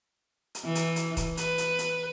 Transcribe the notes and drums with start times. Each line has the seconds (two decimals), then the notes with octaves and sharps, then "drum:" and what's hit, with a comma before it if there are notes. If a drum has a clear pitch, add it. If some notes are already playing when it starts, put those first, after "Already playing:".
0.55 drum: hi-hat
0.64 E3
0.75 drum: hi-hat
0.96 drum: hi-hat
1.17 drum: kick D#1, hi-hat
1.37 B4, drum: hi-hat
1.58 drum: hi-hat
1.79 drum: hi-hat